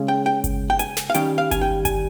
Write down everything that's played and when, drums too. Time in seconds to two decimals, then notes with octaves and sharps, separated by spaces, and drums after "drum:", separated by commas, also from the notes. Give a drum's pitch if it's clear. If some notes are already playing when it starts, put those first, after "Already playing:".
Already playing: C#3 G#3 C#4
0.08 G5
0.26 G5
0.44 drum: kick G1, hi-hat
0.70 G5
0.79 G#5, drum: hi-hat
0.97 drum: snare
1.10 F5
1.14 D#3 G3 C#4 G5, drum: hi-hat
1.38 F5
1.51 G#5, drum: kick G1, hi-hat
1.61 G5
1.85 G#5, drum: kick G1, hi-hat